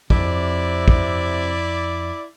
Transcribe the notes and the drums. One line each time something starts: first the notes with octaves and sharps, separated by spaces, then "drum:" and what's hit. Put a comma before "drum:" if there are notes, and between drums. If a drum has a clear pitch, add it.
F2 C3 E4 D5, drum: kick
drum: kick